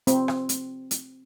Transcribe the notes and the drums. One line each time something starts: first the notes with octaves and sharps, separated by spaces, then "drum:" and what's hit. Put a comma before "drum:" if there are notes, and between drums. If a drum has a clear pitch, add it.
C4, drum: hi-hat
drum: rim click
drum: hi-hat
drum: hi-hat